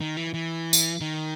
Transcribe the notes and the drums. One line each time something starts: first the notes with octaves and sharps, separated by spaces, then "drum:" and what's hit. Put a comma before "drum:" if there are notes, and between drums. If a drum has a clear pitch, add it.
D#3
E3
E3
drum: tambourine
D#3